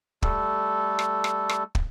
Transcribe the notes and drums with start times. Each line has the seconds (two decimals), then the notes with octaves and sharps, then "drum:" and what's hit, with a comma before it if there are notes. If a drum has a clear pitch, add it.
0.22 G3 A3 A4, drum: kick
0.99 drum: rim click
1.24 drum: rim click
1.49 drum: rim click
1.75 drum: kick